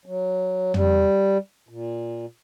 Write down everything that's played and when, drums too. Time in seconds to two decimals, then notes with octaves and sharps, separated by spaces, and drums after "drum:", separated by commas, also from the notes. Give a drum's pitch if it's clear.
0.06 F#3
0.74 G3, drum: tom
1.69 A#2